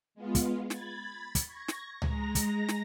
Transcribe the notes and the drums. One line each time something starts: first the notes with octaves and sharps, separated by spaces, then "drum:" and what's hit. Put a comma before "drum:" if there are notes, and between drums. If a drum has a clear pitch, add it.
G#3 B3 F4
drum: kick, hi-hat
B5 G#6 A6, drum: snare
drum: kick, hi-hat
C#6 G#6 A#6
drum: snare
G#3 A#5 A#6, drum: tom C#2
drum: kick, hi-hat
drum: snare